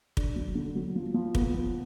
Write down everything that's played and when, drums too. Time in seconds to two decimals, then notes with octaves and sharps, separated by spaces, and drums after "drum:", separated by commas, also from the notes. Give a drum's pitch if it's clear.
0.17 D4, drum: kick
0.36 F#3
0.55 D3
0.76 F#3
0.96 F3
1.14 F3
1.35 B3, drum: kick
1.54 F3